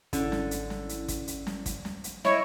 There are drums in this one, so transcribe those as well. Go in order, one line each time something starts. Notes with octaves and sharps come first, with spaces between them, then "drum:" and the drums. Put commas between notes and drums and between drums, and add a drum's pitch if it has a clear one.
G#1 D3 C#4 E4, drum: kick, hi-hat
drum: snare
drum: hi-hat
drum: snare
drum: hi-hat
drum: kick, hi-hat
drum: hi-hat
drum: snare
drum: kick, hi-hat
drum: snare
drum: hi-hat
E4 C#5 D#5 C#6, drum: snare